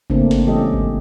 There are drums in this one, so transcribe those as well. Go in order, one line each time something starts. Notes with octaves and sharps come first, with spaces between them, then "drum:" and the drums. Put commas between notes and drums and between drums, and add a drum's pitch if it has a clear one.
C#3 A3 A#3 C4 D4, drum: kick G#1
drum: snare
E3 G#3 C#4 G4 A4 D#5
drum: kick G#1